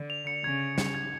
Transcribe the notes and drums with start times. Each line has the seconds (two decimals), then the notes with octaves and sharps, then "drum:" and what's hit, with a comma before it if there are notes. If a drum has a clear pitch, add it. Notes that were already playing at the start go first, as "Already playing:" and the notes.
Already playing: D3
0.10 F7
0.27 C#7
0.43 C#3 G#6
0.60 G#6
0.78 C#7, drum: snare
0.95 G#6